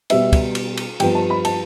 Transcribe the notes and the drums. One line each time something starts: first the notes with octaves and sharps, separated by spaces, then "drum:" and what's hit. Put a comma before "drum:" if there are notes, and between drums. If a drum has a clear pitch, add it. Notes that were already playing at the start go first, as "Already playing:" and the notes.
B2 G3 B3 E5, drum: cymbal
drum: kick, cymbal
drum: cymbal
drum: cymbal
G2 F3 B3 G5, drum: cymbal
A5
B5
A5, drum: cymbal